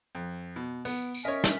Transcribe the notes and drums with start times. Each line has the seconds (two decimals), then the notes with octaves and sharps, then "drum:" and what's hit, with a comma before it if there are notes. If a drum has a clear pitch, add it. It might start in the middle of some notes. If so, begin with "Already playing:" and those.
0.15 F2
0.56 B2
0.85 B3, drum: tambourine
1.14 drum: tambourine
1.25 C#4 A#4 C#5 D#5 E5
1.44 drum: snare